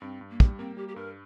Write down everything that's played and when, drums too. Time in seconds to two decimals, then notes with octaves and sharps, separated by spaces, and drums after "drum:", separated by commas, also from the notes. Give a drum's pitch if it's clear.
0.01 G2 C4
0.21 G2
0.30 A#3
0.40 G3, drum: kick
0.59 A#3 C4
0.77 G3 G4
0.88 G4
0.96 G2 A#4